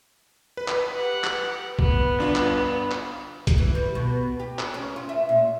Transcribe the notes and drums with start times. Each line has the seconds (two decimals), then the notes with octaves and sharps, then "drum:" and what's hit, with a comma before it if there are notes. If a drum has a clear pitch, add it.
0.57 B4
0.68 drum: clap
0.92 G4 F#5
1.24 drum: clap
1.79 B3, drum: kick
2.18 G1 D4 F4
2.35 drum: clap
2.91 drum: clap
3.47 drum: kick, hi-hat
3.58 E3
3.75 G3
3.95 B2
4.40 G4
4.59 drum: clap
4.74 C#4
4.96 F4
5.09 E5
5.29 A#2